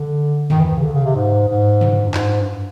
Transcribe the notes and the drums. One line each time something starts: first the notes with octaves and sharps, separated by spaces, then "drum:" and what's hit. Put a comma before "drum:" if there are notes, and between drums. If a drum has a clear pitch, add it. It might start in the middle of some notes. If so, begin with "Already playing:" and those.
Already playing: D3
D#3, drum: tom
E3
D#3
C#3
D3
C#3
C3
G#2
G#2
drum: tom
G2
G#2, drum: clap
G2